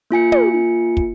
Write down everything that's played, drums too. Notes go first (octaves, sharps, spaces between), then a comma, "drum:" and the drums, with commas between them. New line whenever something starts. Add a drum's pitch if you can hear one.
A#3 F4 G#5 C#7
drum: tom
drum: kick